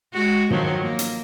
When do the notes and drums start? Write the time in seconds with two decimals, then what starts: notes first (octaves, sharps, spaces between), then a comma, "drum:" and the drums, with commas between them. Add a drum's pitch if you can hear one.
0.13 G#3 F#4
0.50 D#3 F3 F#3, drum: tom
0.83 A#3
0.99 drum: hi-hat